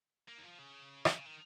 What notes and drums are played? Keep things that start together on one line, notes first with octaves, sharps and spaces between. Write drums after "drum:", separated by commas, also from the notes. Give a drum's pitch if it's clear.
A#3
D#3
F3
C#3
A#2, drum: rim click
C#3
D#3